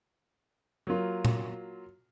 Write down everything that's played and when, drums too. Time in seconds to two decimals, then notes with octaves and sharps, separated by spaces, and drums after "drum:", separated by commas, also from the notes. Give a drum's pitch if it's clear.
0.87 F#3 A#3 F4
1.25 drum: tom A#2